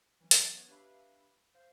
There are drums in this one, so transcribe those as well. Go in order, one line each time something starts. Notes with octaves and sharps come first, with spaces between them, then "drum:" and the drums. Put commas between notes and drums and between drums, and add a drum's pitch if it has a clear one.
E3 F#3 C#4
drum: hi-hat
B3 F#4 B4 C#5
D4 G4 B4 E5 F5 B5
C5 F5 G6